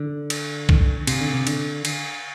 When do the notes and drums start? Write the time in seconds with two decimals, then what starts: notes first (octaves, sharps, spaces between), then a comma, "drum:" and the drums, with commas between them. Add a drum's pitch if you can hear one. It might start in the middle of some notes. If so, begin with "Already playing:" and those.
Already playing: D3
0.30 drum: cymbal
0.69 drum: kick B1
1.07 C3, drum: cymbal
1.21 D3
1.33 C3
1.47 D3, drum: cymbal
1.85 drum: cymbal